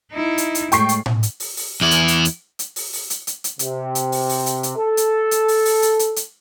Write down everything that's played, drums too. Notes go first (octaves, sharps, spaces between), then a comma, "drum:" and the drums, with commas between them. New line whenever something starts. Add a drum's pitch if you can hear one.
D#4 E4
drum: hi-hat
drum: hi-hat
A2 G#3 G5 C#6 C7, drum: hi-hat
drum: hi-hat
drum: tom A2
drum: hi-hat
drum: open hi-hat
drum: open hi-hat
E2 E4
drum: hi-hat
drum: hi-hat
drum: hi-hat
drum: hi-hat
drum: open hi-hat
drum: open hi-hat
drum: hi-hat
drum: hi-hat
drum: hi-hat
C3, drum: hi-hat
drum: hi-hat
drum: open hi-hat
drum: open hi-hat
drum: hi-hat
drum: hi-hat
A4
drum: hi-hat
drum: hi-hat
drum: open hi-hat
drum: open hi-hat
drum: hi-hat
drum: hi-hat
drum: hi-hat